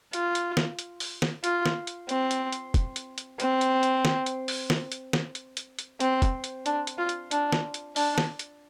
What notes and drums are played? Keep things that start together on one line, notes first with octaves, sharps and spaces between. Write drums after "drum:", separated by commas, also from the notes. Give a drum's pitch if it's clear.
F4, drum: hi-hat
drum: hi-hat
drum: snare
drum: hi-hat
drum: open hi-hat
drum: snare
F4, drum: hi-hat
drum: snare
drum: hi-hat
C4, drum: hi-hat
drum: hi-hat
drum: hi-hat
drum: kick, hi-hat
drum: hi-hat
drum: hi-hat
C4, drum: hi-hat
drum: hi-hat
drum: hi-hat
drum: snare
drum: hi-hat
drum: open hi-hat
drum: snare
drum: hi-hat
drum: snare
drum: hi-hat
drum: hi-hat
drum: hi-hat
C4, drum: hi-hat
drum: kick, hi-hat
drum: hi-hat
D4, drum: hi-hat
drum: hi-hat
F4
drum: hi-hat
D4, drum: hi-hat
drum: snare
drum: hi-hat
D4, drum: open hi-hat
drum: snare
drum: hi-hat